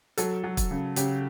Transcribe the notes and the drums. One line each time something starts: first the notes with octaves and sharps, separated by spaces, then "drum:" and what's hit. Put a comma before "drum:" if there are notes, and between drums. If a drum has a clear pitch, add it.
F#3 A4, drum: hi-hat
F#3
drum: kick, hi-hat
C#3
C#3 G4, drum: hi-hat